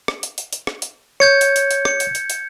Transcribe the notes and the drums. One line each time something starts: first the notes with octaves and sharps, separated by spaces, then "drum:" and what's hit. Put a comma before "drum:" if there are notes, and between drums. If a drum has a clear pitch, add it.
drum: rim click
drum: hi-hat
drum: hi-hat
drum: hi-hat
drum: rim click
drum: hi-hat
C#5 G6 G#6 C#7
drum: hi-hat
drum: hi-hat
drum: hi-hat
C#7, drum: rim click
drum: hi-hat
drum: hi-hat
drum: hi-hat